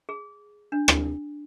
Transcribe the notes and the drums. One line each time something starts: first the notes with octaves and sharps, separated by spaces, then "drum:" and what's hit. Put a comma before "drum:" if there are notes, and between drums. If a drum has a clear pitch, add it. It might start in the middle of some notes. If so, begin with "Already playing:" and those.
G#4
D4
drum: rim click